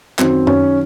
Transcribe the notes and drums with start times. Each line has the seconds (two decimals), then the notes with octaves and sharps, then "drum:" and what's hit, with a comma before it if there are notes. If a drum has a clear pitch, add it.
0.19 F#2 D#3 F#3 C4, drum: clap
0.47 C#4, drum: tom F#2